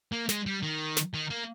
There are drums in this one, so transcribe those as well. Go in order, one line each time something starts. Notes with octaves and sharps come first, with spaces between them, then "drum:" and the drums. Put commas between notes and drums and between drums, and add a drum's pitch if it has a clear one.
A#3
G#3, drum: snare
G3
D#3
drum: snare
D#3
A#3